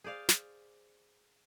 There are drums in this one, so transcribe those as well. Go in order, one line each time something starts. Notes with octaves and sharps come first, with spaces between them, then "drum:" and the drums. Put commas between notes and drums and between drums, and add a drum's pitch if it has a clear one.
G#4 C5 D5 F5
drum: snare